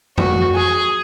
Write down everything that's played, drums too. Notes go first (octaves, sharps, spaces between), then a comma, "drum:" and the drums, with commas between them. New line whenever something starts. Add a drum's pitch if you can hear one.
F#4, drum: tom
G#4